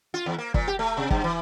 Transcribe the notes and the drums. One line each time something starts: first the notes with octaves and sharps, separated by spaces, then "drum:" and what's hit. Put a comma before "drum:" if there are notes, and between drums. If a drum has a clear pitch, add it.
F4
E2
A#3
A#2, drum: kick
G4
A3
C3
G2, drum: kick
E3